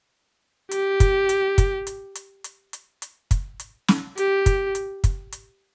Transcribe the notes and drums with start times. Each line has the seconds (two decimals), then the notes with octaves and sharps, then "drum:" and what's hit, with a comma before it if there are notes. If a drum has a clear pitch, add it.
0.71 G4, drum: hi-hat
1.00 drum: kick, hi-hat
1.29 drum: hi-hat
1.58 drum: kick, hi-hat
1.87 drum: hi-hat
2.15 drum: hi-hat
2.44 drum: hi-hat
2.73 drum: hi-hat
3.02 drum: hi-hat
3.31 drum: kick, hi-hat
3.60 drum: hi-hat
3.88 drum: snare
4.18 G4, drum: hi-hat
4.46 drum: kick, hi-hat
4.75 drum: hi-hat
5.04 drum: kick, hi-hat
5.32 drum: hi-hat